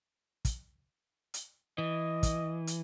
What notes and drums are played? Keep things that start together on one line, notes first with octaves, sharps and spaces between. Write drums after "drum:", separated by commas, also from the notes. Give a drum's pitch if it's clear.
drum: kick, hi-hat
drum: hi-hat
E3 D#5
drum: kick, hi-hat
drum: hi-hat